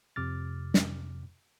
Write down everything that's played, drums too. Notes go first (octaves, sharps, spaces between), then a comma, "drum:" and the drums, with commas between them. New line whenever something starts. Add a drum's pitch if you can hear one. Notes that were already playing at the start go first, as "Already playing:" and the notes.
F2 C3 D6 F6 A6
drum: snare